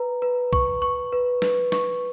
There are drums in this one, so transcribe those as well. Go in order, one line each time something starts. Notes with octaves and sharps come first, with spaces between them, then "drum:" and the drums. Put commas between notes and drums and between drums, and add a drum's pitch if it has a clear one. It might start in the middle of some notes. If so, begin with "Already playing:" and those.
Already playing: B4 A#5
B4
C#6, drum: kick B1
C#6
B4
B4, drum: snare
C#6, drum: snare